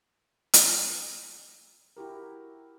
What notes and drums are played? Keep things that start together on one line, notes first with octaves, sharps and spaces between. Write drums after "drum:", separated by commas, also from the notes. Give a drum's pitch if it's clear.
drum: hi-hat
E4 F#4 G4 A#4